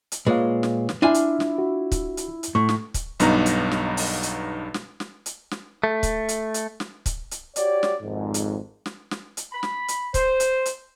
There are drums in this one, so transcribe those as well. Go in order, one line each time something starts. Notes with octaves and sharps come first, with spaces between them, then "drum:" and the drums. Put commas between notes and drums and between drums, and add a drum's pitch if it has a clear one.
drum: hi-hat
A#2 G#3 B4 C#5 F5
drum: snare
drum: snare
D4 E4 F4 E5 G#5 D6 F6
drum: hi-hat
drum: snare
F#4
drum: kick C#1, hi-hat
drum: hi-hat
drum: hi-hat
A2 C#6
drum: snare
drum: kick C#1, hi-hat
B1 G2 B3 D#4 A#5, drum: hi-hat
drum: hi-hat
drum: snare
drum: open hi-hat
drum: hi-hat
drum: snare
drum: snare
drum: hi-hat
drum: snare
A3
drum: kick C#1, hi-hat
drum: hi-hat
drum: hi-hat
drum: snare
drum: kick C#1, hi-hat
drum: hi-hat
F#4 G4 C#5 D5, drum: hi-hat
drum: snare
G#1 F2 G#2
drum: hi-hat
drum: snare
drum: snare
drum: hi-hat
B5
drum: snare
drum: hi-hat
C5, drum: kick C#1, hi-hat
drum: hi-hat
drum: hi-hat